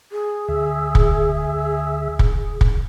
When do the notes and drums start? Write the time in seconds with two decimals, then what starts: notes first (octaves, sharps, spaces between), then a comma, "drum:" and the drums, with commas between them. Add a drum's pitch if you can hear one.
0.12 G#4
0.48 D2 E5
0.95 drum: kick
2.19 drum: kick
2.61 drum: kick